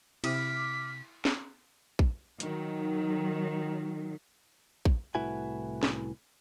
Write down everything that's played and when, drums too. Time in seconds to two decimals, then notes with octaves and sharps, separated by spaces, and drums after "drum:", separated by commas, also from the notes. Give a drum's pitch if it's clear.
0.24 C3 E4 D6 D#6 F6 B6, drum: cymbal
1.25 drum: snare
1.99 drum: kick
2.40 D#3 F#3, drum: hi-hat
4.85 drum: kick
5.15 C2 A2 E4 F#4 B4 G#5
5.83 drum: snare